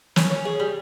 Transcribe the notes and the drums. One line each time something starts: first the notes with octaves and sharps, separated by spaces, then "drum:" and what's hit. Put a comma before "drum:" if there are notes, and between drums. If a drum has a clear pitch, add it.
C#4, drum: snare
C#4
G#4
G3